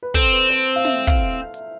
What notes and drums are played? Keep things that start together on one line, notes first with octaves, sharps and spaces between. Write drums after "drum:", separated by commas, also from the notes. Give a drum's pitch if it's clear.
B4
C4 A4, drum: kick, hi-hat
B4
C5
drum: hi-hat
F5
E5, drum: snare
F5, drum: kick, hi-hat
drum: hi-hat
drum: hi-hat